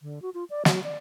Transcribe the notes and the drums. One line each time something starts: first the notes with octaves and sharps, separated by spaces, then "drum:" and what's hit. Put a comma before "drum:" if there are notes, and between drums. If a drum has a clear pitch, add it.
D3
F#4
F4
D5
F#3, drum: snare
D5